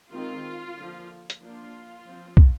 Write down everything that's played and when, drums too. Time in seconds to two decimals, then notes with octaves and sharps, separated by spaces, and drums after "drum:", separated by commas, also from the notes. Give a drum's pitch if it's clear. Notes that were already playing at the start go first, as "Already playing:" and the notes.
0.12 D#3 G#3 C4 F4
0.77 D3 F3 A#3
1.30 drum: hi-hat
1.43 F3 A#3 D4 F4
2.10 F3 C4
2.37 drum: kick